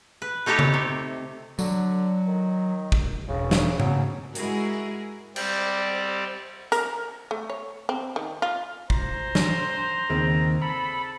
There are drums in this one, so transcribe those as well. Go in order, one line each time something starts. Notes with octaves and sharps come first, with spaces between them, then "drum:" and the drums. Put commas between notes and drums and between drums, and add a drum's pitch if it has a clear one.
B4
A3 D#4 G4 A4 C#5
drum: tom C#3
C3
D3 F#3, drum: tambourine
D#3
drum: kick
E1 C#3
drum: snare
C#3 F#3, drum: tom G#2
G#3 E4 F#4 G#4 A#4, drum: hi-hat
G3 C4 G4 D5, drum: cymbal
A#4, drum: hi-hat
A3
C#5
C4
D#3
F4
C5 A#5, drum: kick
drum: snare
D#2 C#3 C4
A4 B5